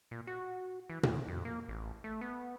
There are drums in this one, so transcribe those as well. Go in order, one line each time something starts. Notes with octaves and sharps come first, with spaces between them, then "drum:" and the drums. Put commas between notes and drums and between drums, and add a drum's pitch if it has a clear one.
A#2
F#4
E3
E2, drum: tom A#2
F2
A#3
A1
A3
B3